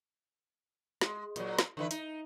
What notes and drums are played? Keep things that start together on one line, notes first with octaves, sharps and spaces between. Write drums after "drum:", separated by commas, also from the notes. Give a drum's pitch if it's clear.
G#3, drum: snare
A#2 F#3, drum: hi-hat
drum: snare
D3 E3 B4
D#4, drum: hi-hat